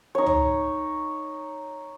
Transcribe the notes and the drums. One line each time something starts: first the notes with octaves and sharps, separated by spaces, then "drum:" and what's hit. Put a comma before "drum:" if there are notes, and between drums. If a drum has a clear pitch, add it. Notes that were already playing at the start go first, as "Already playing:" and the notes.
D#4 C#5
drum: tom C#2